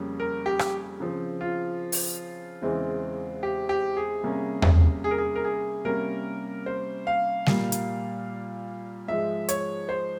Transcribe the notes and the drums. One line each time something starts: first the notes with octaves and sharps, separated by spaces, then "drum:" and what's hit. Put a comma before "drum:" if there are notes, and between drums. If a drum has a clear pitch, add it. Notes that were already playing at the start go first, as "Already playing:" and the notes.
Already playing: F2 C#3 G3 A#3 C#4
A#4
G4
drum: rim click
C#3 F3 C4
F4
drum: open hi-hat
E2 C#3 E3 G#3 C4
G4
G4
G#4
C3 G3 A#3 C#4
drum: tom E2
G#4
A#4
G#4
A#4
G#4
C3 G3 A#3 C#4 A#4
C5
F5
A#2 G3 A#3, drum: snare G3
drum: hi-hat
G#2 F3 G#3 E5
C#5, drum: hi-hat
C5